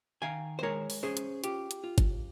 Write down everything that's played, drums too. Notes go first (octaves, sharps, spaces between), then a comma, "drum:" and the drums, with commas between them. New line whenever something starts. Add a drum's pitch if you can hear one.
D#3 F5 G#5
C5
G#3 A#4 C#5
drum: open hi-hat
C#4 G#4 C5
drum: hi-hat
F4 G4, drum: hi-hat
drum: hi-hat
F4
drum: kick, hi-hat